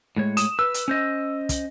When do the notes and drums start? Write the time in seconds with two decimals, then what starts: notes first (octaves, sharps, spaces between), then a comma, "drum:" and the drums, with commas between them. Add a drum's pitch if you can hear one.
0.16 A2 G#3 C#5
0.37 D#6 E7, drum: hi-hat
0.59 B4 E6
0.74 drum: hi-hat
0.88 C#4 C5 D#5
1.49 drum: kick, hi-hat